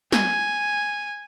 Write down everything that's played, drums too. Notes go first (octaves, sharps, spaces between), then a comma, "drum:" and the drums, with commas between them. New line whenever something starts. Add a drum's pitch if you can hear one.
G#5, drum: snare